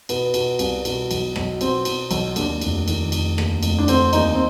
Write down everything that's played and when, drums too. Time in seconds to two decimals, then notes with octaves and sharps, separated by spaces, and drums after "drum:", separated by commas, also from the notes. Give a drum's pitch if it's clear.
0.09 B2 B3, drum: cymbal
0.34 B2, drum: cymbal
0.59 C2, drum: cymbal
0.85 B2, drum: cymbal
1.11 B1, drum: cymbal
1.36 B1, drum: rim click
1.61 B2 C4, drum: cymbal
1.85 B2, drum: cymbal
2.11 B1, drum: cymbal
2.36 D#2 D4, drum: cymbal
2.61 F1, drum: cymbal
2.88 D#3, drum: cymbal
3.12 F1, drum: cymbal
3.38 D#2, drum: rim click
3.63 F1, drum: cymbal
3.78 D4
3.88 D3 C4, drum: cymbal
4.13 D#2 D#4, drum: cymbal
4.35 C4